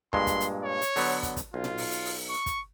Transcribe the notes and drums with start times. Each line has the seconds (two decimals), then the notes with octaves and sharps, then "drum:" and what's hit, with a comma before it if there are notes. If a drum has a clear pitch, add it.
0.13 G2 A#2 G#3 C6, drum: kick
0.27 drum: kick, hi-hat
0.40 drum: hi-hat
0.63 C#5
0.82 drum: hi-hat
0.96 D3 F#3 B3, drum: open hi-hat
1.23 drum: kick, hi-hat
1.36 drum: kick, hi-hat
1.54 B1 F4
1.64 drum: tom A#2
1.78 drum: open hi-hat
1.91 drum: hi-hat
2.05 drum: open hi-hat
2.29 C#6
2.46 drum: kick, hi-hat